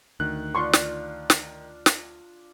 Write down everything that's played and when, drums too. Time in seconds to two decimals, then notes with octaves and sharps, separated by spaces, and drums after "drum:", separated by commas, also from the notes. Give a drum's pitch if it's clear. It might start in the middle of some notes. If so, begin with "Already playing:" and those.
0.20 D2 D#3 F#6
0.55 D4 F4 C6 C#6
0.73 drum: snare
1.30 drum: snare
1.86 drum: snare